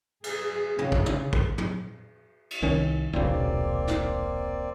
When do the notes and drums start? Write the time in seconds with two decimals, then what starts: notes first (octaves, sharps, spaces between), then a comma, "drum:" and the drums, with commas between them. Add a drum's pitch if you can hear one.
0.24 G#4, drum: cymbal
0.78 C#3, drum: tom
0.92 drum: kick
1.06 drum: tom
1.33 drum: kick
1.58 drum: tom
2.51 drum: cymbal
2.62 C2 D#3 C#4
3.13 D#1 B1 C#3 A#3 C4 D5
3.87 drum: snare